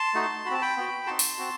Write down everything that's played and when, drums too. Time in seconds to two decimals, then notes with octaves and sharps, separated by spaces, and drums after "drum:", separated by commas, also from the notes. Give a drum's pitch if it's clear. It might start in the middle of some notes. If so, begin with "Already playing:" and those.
Already playing: A5 C6
0.14 A3 D#4 F#4
0.45 F#4 B5
0.51 C4 A5
0.62 G5 B5
0.77 B3 F#4
1.07 C4 D#4 F#4 A5 C6
1.19 drum: open hi-hat
1.38 C4 F#4